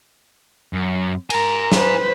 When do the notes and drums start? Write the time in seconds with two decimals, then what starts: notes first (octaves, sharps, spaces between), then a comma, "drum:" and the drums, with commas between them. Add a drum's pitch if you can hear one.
0.73 F#2
1.30 A#4 G#5 A#5, drum: cymbal
1.72 B4 C5, drum: snare